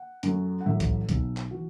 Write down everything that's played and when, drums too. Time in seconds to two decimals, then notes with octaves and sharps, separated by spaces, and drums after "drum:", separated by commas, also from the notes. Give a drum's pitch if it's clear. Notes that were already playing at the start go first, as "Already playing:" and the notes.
Already playing: F#5
0.23 F#2 F#3 A3, drum: hi-hat
0.60 F#5
0.66 A1 A2 F#3 E5
0.80 drum: kick, hi-hat
1.09 B1 B2 F#3, drum: kick, hi-hat
1.37 drum: clap
1.51 E3 F#4